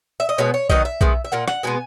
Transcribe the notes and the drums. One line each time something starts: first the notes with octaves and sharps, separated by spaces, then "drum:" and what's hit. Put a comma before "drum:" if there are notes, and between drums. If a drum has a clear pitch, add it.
E5
D#5
B2 G#3 B3 C#5
C#5
D#3 F#3 B3 D#5, drum: kick B1
E5
D#3 G#3 B3, drum: kick B1
E5
A#2 A#3 F#5
F#5, drum: rim click
B2 G#3 B3 G#5